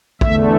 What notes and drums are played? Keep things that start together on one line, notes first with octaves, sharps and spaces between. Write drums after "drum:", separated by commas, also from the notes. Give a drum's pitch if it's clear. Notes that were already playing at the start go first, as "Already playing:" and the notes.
E2 D3 A3 E5, drum: kick